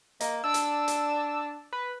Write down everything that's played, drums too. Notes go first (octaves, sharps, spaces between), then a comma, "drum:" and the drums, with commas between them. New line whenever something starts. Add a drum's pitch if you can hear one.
A#3 D#5, drum: hi-hat
D4 D5 E6
drum: hi-hat
drum: hi-hat
B4